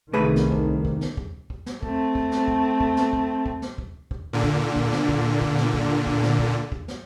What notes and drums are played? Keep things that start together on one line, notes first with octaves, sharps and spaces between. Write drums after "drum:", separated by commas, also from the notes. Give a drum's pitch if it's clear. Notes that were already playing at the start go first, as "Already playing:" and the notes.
C2 C3 D#3 A3 G#4 B4
drum: snare
drum: kick
drum: kick
drum: snare
drum: kick
drum: kick
drum: snare
A3 C4, drum: kick
drum: kick
drum: snare
drum: kick
drum: kick
drum: snare
drum: kick
drum: kick
drum: snare
drum: kick
drum: kick
A#2 D3
drum: kick
drum: kick
drum: snare
drum: kick
drum: kick
drum: snare
drum: kick
drum: kick
drum: snare
drum: kick
drum: kick
drum: snare